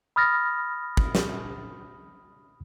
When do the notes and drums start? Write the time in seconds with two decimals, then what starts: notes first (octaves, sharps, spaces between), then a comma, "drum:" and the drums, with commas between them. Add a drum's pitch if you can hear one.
0.16 B5 D#6 F6 A6 A#6
0.97 drum: kick
1.15 drum: snare